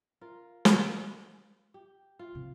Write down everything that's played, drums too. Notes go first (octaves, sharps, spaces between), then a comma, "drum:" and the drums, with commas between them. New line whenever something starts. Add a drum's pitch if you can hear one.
F4 A#4
drum: snare
G4
F4
C3 F3